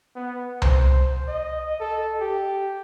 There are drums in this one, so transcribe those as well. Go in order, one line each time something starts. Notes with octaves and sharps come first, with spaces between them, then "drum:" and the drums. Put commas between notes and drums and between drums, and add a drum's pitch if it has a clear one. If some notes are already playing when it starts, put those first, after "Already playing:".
B3
C5, drum: tom C2
D#5
A4
G4